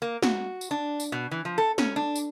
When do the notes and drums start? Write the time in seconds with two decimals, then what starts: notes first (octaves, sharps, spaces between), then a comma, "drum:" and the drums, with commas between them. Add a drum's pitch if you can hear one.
0.02 A#3
0.23 F#4, drum: snare
0.61 drum: tambourine
0.71 D4
1.00 drum: tambourine
1.12 B2
1.31 E3
1.45 F3
1.58 A4
1.78 C#4, drum: snare
1.96 D4
2.15 drum: tambourine